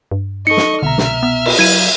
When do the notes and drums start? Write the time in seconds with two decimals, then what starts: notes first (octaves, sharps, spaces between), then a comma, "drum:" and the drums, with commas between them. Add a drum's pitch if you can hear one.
0.11 G2
0.47 D#4 A4 D#5 C#6 C#7
0.57 drum: snare
0.82 C2 B2 D3 E5 A#5 F6
0.98 drum: snare
1.23 B3
1.46 drum: cymbal
1.59 F#3 E4 F5 G#6 D#7